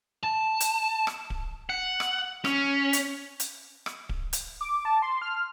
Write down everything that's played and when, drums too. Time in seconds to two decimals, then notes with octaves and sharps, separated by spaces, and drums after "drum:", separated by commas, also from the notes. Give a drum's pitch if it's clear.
0.23 A5
0.60 drum: hi-hat
1.07 drum: rim click
1.30 drum: kick D1
1.69 F#5
2.00 drum: rim click
2.45 C#4, drum: rim click
2.93 drum: hi-hat
3.40 drum: hi-hat
3.86 drum: rim click
4.09 drum: kick D1
4.33 drum: hi-hat
4.61 D6
4.85 A5
5.02 C6
5.22 F6